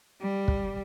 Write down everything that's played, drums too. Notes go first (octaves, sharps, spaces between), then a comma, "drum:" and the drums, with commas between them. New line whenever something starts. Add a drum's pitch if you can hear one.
G3
drum: kick